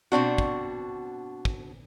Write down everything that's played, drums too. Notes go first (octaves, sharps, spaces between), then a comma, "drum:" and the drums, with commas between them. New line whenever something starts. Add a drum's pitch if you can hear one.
B2 C4 D4 F#4
drum: kick
drum: kick